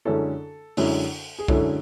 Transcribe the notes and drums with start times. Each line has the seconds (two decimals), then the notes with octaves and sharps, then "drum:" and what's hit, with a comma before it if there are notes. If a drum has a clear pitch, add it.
0.05 F#2 D3 G#3 C#4 E4 A4
0.77 F#2 D3 G#3 C#4 E4, drum: open hi-hat
1.39 G#4
1.48 F#2 D3 G#3 C#4 E4 A4, drum: kick C2